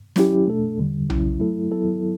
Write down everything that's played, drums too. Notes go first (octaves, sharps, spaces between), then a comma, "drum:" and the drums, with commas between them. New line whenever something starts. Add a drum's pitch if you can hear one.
F#3 C#4 E4 G4, drum: snare
B2 A3 D4 A4
E2 D3 G3
E2 C#3 F#3 C#4 E4, drum: tom B1
F#3 A3 E4 A4
F#3 B3 E4 A4